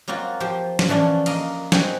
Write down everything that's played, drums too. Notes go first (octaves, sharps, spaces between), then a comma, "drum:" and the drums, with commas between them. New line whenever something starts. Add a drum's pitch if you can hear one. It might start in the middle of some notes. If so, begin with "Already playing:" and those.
F#3 A#3 C4 F4 F#4
F3 G4 C5
drum: snare
D3 E3 F3 C#4 D4
A#3 D#5 F5, drum: cymbal
C4 F#4 D#5 G5 G#5, drum: snare